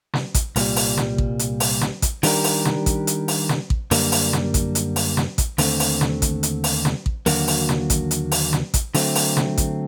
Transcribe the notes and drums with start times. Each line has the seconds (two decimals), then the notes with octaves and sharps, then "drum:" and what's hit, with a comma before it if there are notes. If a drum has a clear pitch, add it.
0.14 drum: snare
0.34 drum: kick A1, hi-hat
0.56 C2 A#2 G3, drum: open hi-hat
0.76 drum: open hi-hat
0.97 drum: snare
1.18 drum: kick A1
1.39 drum: hi-hat
1.60 drum: open hi-hat
1.81 drum: snare
2.02 drum: kick A1, hi-hat
2.23 D#3 G3 D4 G4 A#4, drum: open hi-hat
2.44 drum: open hi-hat
2.65 drum: snare
2.86 drum: kick A1, hi-hat
3.07 drum: hi-hat
3.28 drum: open hi-hat
3.49 drum: snare
3.70 drum: kick A1
3.91 F#2 D3 G3 A#3, drum: open hi-hat
4.12 drum: open hi-hat
4.33 drum: snare
4.54 drum: kick A1, hi-hat
4.75 drum: hi-hat
4.96 drum: open hi-hat
5.17 drum: snare
5.38 drum: kick A1, hi-hat
5.58 D#2 D3 A3 C4, drum: open hi-hat
5.80 drum: open hi-hat
6.01 drum: snare
6.22 drum: kick A1, hi-hat
6.43 drum: hi-hat
6.64 drum: open hi-hat
6.85 drum: snare
7.06 drum: kick A1
7.26 D#2 D3 F#3 A#3 F#4, drum: open hi-hat
7.48 drum: open hi-hat
7.69 drum: snare
7.90 drum: kick A1, hi-hat
8.11 drum: hi-hat
8.32 drum: open hi-hat
8.53 drum: snare
8.74 drum: kick A1, hi-hat
8.95 D3 F#3 A3 C4, drum: open hi-hat
9.16 drum: open hi-hat
9.37 drum: snare
9.58 drum: kick A1, hi-hat